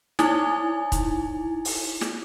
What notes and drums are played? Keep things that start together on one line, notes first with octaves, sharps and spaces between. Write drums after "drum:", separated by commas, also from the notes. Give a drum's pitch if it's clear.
D#4 E4 G#5, drum: snare
drum: kick, hi-hat
drum: open hi-hat
drum: snare